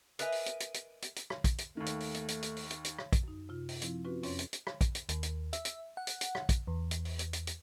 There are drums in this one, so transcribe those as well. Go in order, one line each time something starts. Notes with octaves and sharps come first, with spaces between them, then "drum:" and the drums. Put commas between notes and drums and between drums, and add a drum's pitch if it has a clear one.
A#4 B4 D#5 E5 G#5, drum: hi-hat
drum: open hi-hat
drum: hi-hat
drum: hi-hat
drum: hi-hat
drum: hi-hat
drum: hi-hat
drum: rim click
drum: kick, hi-hat
drum: hi-hat
D#2 D#3 A3
drum: hi-hat
drum: open hi-hat
drum: hi-hat
drum: hi-hat
drum: hi-hat
drum: open hi-hat
drum: hi-hat
drum: hi-hat
drum: rim click
drum: kick, hi-hat
F#2 D#4
C3 F4
drum: open hi-hat
F3 C4 E4, drum: hi-hat
C4 C#4 F4 F#4 B4
F2 C#4 C#5 C6, drum: open hi-hat
drum: hi-hat
drum: hi-hat
drum: rim click
drum: kick, hi-hat
drum: hi-hat
D#2, drum: hi-hat
drum: hi-hat
E5, drum: hi-hat
drum: hi-hat
F#5
drum: hi-hat
drum: hi-hat
drum: rim click
drum: kick, hi-hat
E2
drum: hi-hat
drum: open hi-hat
drum: hi-hat
drum: hi-hat
drum: hi-hat